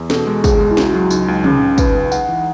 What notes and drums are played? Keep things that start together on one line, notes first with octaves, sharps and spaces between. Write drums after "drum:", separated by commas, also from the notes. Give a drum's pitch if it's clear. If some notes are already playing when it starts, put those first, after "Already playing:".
Already playing: E2
B2 A4, drum: snare
G#3
C#2 G#4, drum: kick, tambourine
G#3
E4
C#2 F#4, drum: snare
F#3
C#2 D#4, drum: tambourine
C#2
C#3 C#4, drum: tom
C#3
D#4 B4, drum: kick, tambourine
C#3
D#4 F#5, drum: tambourine
E3